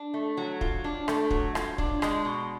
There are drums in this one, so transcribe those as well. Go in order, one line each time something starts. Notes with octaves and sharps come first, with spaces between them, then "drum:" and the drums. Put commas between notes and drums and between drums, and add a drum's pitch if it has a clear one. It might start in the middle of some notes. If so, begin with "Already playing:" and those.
Already playing: D4
A3
F#3
F4, drum: kick
D4
A3, drum: rim click
F#3, drum: kick
F4, drum: rim click
D4, drum: kick
G#3, drum: rim click
B2